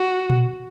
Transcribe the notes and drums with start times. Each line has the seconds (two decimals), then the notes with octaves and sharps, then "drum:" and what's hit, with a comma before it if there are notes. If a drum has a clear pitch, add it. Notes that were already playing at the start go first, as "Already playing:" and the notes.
Already playing: F#4
0.30 drum: tom A#2